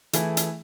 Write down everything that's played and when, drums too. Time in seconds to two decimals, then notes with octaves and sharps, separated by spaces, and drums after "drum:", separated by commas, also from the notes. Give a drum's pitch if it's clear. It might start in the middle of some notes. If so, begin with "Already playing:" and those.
0.13 E3 A3 E4 G#4, drum: hi-hat
0.37 drum: hi-hat